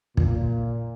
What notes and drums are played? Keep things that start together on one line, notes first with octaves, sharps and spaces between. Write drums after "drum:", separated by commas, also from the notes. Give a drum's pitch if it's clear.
A#2, drum: kick